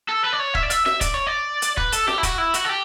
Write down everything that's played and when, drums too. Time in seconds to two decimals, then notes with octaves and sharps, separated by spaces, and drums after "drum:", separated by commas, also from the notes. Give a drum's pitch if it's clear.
0.09 A4
0.25 B4
0.33 D5
0.40 C#5
0.55 E5, drum: kick
0.63 D5
0.70 E5, drum: hi-hat
0.86 E5, drum: snare
1.01 D5, drum: kick, hi-hat
1.14 C#5
1.27 D5
1.62 drum: hi-hat
1.77 B4, drum: kick
1.92 A4, drum: hi-hat
2.08 G4, drum: snare
2.18 E4
2.23 F#4, drum: kick, hi-hat
2.38 E4
2.54 F#4, drum: hi-hat
2.65 A4
2.69 G4